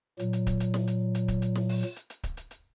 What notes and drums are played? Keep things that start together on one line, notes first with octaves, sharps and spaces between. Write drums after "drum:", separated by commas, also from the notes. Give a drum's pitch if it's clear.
A#2 F#3, drum: hi-hat
drum: hi-hat
drum: kick C#1, hi-hat
drum: hi-hat
drum: snare
drum: hi-hat
drum: hi-hat
drum: kick C#1, hi-hat
drum: hi-hat
drum: snare
drum: open hi-hat
drum: hi-hat
drum: hi-hat
drum: hi-hat
drum: kick C#1, hi-hat
drum: hi-hat
drum: hi-hat